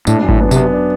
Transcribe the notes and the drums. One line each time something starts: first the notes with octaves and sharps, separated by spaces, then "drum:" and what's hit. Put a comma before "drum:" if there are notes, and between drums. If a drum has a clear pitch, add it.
A2 D4, drum: tambourine
F#2
A2, drum: kick G#1
B3
C3, drum: tambourine
B3
D4